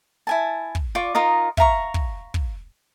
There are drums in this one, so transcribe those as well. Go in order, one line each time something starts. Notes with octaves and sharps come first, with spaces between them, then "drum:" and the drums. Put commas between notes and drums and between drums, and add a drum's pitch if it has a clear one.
E4 G#5 A5
drum: kick
F4 D5 C#6
D#4 F4 A#4 D#5
E5 F5 A#5 C#6, drum: kick
drum: kick
drum: kick